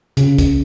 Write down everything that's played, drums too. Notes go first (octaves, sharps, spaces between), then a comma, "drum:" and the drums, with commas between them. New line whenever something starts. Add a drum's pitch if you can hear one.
C#3, drum: hi-hat
drum: kick, hi-hat